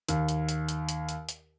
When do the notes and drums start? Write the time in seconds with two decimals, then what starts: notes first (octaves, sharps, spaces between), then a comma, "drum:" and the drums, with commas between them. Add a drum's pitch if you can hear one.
0.09 D#2, drum: hi-hat
0.29 drum: hi-hat
0.49 drum: hi-hat
0.69 drum: hi-hat
0.89 drum: hi-hat
1.09 drum: hi-hat
1.29 drum: hi-hat